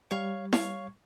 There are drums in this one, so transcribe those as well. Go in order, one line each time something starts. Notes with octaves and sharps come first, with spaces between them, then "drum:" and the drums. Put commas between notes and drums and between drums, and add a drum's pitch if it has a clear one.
G3 C#5 F5 C#6
C#5 F5 C#6, drum: snare E4